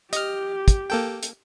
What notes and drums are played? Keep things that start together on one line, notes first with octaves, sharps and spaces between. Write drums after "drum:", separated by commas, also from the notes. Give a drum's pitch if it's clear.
G4 D#5 F6, drum: hi-hat
drum: kick, hi-hat
A#3 A4 G5
drum: hi-hat